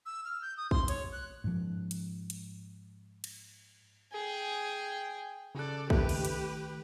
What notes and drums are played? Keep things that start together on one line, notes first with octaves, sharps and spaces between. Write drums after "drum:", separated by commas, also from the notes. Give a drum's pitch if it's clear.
E6
F6
G6
D#6
C6, drum: kick A#1
C#5, drum: hi-hat
F#6
G#2 F3
drum: hi-hat
drum: hi-hat
drum: cymbal
G#4 G5
C#3 A4 D5 F#6
D#3 A3 G4 B4, drum: kick A#1
drum: cymbal
drum: hi-hat